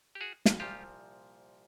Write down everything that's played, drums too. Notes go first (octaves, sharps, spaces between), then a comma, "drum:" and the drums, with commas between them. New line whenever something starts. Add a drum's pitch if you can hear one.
G4
F#4 G#4
drum: snare
C2 A#2 F3 F4 G4